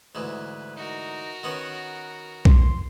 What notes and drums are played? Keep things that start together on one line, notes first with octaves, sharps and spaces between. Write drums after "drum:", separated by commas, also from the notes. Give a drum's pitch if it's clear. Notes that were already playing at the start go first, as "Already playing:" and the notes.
D2 G#2 E3 B4
D#4 F#4 A#4
D#3 B3 C#4 F#5
C6, drum: kick B1